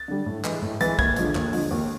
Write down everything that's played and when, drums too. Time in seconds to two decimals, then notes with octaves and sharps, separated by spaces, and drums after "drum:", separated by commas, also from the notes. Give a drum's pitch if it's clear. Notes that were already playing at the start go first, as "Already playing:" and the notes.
Already playing: A6
0.08 D3 G3
0.26 A2
0.44 E3 G#3, drum: clap
0.62 A2
0.81 E3 G#3 A6, drum: hi-hat
0.99 D#2 G#6, drum: kick
1.16 D3 F3 G#3, drum: hi-hat
1.35 D#2, drum: clap
1.53 D3 F3 G#3, drum: open hi-hat
1.71 D#2